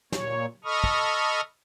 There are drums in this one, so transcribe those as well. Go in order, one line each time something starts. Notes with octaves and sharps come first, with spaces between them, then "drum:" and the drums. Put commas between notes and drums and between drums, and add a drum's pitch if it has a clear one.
A#2 C#5, drum: snare
A4 D#5 B5 C#6 D#6 F6
drum: kick